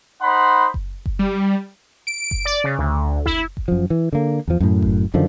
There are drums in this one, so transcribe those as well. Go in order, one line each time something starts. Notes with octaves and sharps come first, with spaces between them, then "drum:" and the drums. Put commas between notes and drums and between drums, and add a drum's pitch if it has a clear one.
D#4 C5 F#5 B5 C6
drum: kick F#1
drum: kick F#1
G3
D7
drum: kick F#1
D5
C#3
D2
E4, drum: kick F#1
drum: kick F#1
F#2 F3
E3
D3 A#3
E2 F3
F#2 A2
drum: kick F#1
F#2 D3 D#3 F3